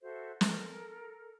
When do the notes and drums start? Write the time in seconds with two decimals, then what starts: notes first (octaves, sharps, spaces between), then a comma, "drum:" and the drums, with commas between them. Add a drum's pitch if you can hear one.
0.02 F#4 A4 C5 E5
0.41 A4 A#4, drum: snare